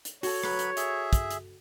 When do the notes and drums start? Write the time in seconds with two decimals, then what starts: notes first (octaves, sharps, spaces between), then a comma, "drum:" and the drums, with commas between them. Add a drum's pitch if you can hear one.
0.05 drum: hi-hat
0.23 F#4 A4 C#5, drum: open hi-hat
0.43 F#3 B4 B5, drum: rim click
0.59 drum: hi-hat
0.77 G#4 E5, drum: hi-hat
1.13 drum: kick, hi-hat
1.31 drum: hi-hat